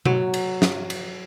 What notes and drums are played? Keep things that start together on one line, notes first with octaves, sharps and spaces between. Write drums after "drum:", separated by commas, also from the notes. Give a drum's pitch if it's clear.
F#3, drum: tom B2
drum: cymbal
drum: snare
drum: cymbal